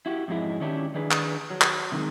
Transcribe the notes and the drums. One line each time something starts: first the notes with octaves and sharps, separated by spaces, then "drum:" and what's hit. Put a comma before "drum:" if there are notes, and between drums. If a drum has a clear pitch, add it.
E4 F#4 G4
F2 G#2 F#3 G#3 E4
D#3 C#4 D4 E4 F4 G4
D#3 D4 G#4 B4
drum: clap
F#3
drum: clap
C3 D#3 G#3